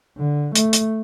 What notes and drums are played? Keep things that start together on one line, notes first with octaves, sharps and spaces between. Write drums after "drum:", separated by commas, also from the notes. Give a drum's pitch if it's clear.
D3
A3, drum: hi-hat
drum: hi-hat